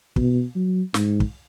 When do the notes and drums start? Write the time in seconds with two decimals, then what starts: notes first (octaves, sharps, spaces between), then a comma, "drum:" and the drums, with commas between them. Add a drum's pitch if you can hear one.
0.16 B2, drum: kick
0.55 F#3
0.94 G#2, drum: snare
1.20 drum: kick